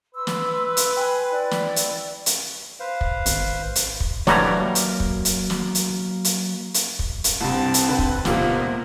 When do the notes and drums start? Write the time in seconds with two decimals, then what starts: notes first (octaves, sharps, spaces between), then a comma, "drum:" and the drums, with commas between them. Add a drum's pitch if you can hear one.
0.15 B4 C6 E6
0.27 drum: snare
0.77 drum: hi-hat
0.97 G5 G#5 B5 C6 F#6
1.32 E4 D5
1.51 drum: snare
1.76 drum: hi-hat
2.26 drum: hi-hat
2.80 B4 C5 F5
3.01 drum: kick
3.26 G#1, drum: hi-hat
3.75 drum: hi-hat
4.00 drum: kick
4.27 D3 E3 F#3 G3 A#3 A#4 C#5 A#5, drum: snare
4.75 drum: hi-hat
5.00 drum: kick
5.25 drum: hi-hat
5.50 drum: snare
5.75 drum: hi-hat
6.24 drum: hi-hat
6.74 drum: hi-hat
6.99 drum: kick
7.24 drum: hi-hat
7.41 C2 G2 C4 A5
7.74 drum: hi-hat
7.89 D3 B4
7.99 drum: kick
8.25 D#1 C#2 C3 A#3 B3 F4, drum: snare